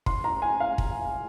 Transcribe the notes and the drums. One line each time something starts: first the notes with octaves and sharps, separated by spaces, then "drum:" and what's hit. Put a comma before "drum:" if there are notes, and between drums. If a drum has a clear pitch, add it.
C6, drum: kick
A#5
G#5
F5
drum: kick